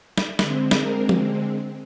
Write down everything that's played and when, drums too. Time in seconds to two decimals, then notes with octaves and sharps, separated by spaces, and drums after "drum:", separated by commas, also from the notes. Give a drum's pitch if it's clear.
0.18 drum: snare
0.39 D3 G#3 C4 C5, drum: snare
0.71 A#4, drum: snare
1.09 drum: tom F3